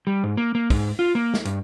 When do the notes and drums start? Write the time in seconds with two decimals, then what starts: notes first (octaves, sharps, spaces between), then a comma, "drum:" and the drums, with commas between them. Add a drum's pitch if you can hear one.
0.07 G3
0.24 G#2
0.37 A#3
0.55 A#3
0.70 G#2, drum: kick, open hi-hat
0.99 F4
1.15 A#3
1.34 drum: snare
1.45 G2, drum: hi-hat